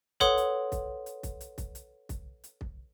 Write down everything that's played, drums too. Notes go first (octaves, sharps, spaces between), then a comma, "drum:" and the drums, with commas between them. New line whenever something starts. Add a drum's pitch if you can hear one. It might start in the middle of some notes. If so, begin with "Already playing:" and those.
A4 B4 C#5 F#5 C6 D#6, drum: kick, hi-hat
drum: hi-hat
drum: kick, hi-hat
drum: hi-hat
drum: kick, hi-hat
drum: hi-hat
drum: kick, hi-hat
drum: hi-hat
drum: kick, hi-hat
drum: hi-hat
drum: kick